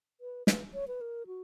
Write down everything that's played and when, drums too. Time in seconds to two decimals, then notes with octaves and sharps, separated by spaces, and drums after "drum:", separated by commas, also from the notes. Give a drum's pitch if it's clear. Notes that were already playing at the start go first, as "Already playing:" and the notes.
0.21 B4
0.47 B4, drum: snare
0.74 C#5
0.88 B4
1.01 A#4
1.27 F#4